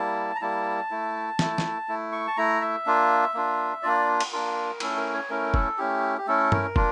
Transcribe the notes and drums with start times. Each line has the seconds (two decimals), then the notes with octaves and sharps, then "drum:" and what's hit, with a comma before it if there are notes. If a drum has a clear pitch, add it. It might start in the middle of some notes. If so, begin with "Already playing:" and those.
Already playing: G3 A#3 E4 A5
0.35 A#5
0.41 G3 A#3 E4 A5
0.91 A3 E4
1.39 A3 E4, drum: snare
1.58 drum: snare
1.88 A3 E4
2.12 C#6
2.27 A5
2.37 A3 E4 A#5
2.61 E5
2.86 A#3 D4 F4
3.34 A#3 D4 F4
3.83 A#3 D4 F4 D5
4.20 drum: cymbal
4.32 A#3 D4 F4 A#4
4.80 A3 C#4 E4 A4, drum: cymbal
4.97 A#4
5.14 C#5
5.29 A3 C#4 E4 A#4
5.54 A4, drum: kick
5.78 A3 C#4 E4 G4
6.18 G4
6.27 A3 C#4 E4 A4
6.52 A#4, drum: tom G2
6.76 A#3 D4 F4, drum: kick